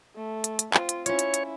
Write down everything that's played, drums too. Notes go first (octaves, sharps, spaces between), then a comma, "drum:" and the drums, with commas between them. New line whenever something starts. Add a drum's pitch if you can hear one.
A3
drum: hi-hat
drum: hi-hat
C4 F4, drum: clap
drum: hi-hat
C#4 E4 F4 C#5, drum: hi-hat
drum: hi-hat
drum: hi-hat